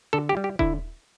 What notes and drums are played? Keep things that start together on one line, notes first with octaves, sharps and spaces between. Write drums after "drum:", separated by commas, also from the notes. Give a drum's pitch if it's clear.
D3 A4
G4
G3
G4
D3 E4, drum: kick D#1